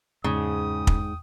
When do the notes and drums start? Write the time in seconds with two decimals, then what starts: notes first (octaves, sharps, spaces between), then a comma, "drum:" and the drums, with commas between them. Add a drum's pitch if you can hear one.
0.24 E2 G#2 C#3 G5 D#6
0.87 drum: kick